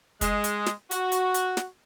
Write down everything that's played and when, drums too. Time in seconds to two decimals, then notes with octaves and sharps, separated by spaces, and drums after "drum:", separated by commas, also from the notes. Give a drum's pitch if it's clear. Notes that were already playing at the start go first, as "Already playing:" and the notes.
0.21 G#3, drum: kick, hi-hat
0.44 drum: hi-hat
0.66 drum: snare
0.91 F#4, drum: hi-hat
1.12 drum: hi-hat
1.34 drum: hi-hat
1.57 drum: snare